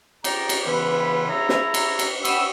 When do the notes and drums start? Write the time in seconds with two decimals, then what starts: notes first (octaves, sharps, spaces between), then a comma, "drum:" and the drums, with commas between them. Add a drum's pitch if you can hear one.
0.24 F4 G#4 C#5 D5 G5 A#5, drum: cymbal
0.49 drum: cymbal
0.66 C#3 E3 B3 E4 F4 B4
1.29 E4 G#4 C#5 E5 A#5
1.49 drum: snare
1.74 drum: cymbal
1.99 drum: cymbal
2.25 F#5 G5 B5 C#6 D#6 E6, drum: cymbal